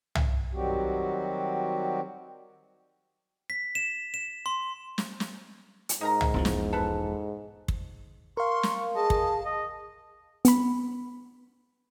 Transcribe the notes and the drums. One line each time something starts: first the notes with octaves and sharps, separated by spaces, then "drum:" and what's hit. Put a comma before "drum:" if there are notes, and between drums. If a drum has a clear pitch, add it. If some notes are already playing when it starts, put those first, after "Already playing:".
drum: tom C2
D#3 F#3 G3 C4 F#4 G4
B6
E7
E7
C6
drum: snare
drum: snare
drum: hi-hat
G#2 D#4 A#4 A#5
drum: tom C2
E1 E2 F3
drum: snare
A4 B4
drum: kick
A#4 F5 C6 C#6
drum: snare
G#4 D#5 A5
drum: kick
D#5
B3 B5, drum: hi-hat